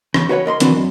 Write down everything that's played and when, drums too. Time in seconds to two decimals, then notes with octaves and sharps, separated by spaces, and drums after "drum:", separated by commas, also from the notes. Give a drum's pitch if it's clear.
0.14 E2 C#3, drum: rim click
0.29 F#4 B4 C#5 F#5
0.46 A#4 D#5 B5 C6
0.60 D3 E3 C4 D4 F#4 B4, drum: hi-hat
0.73 F#2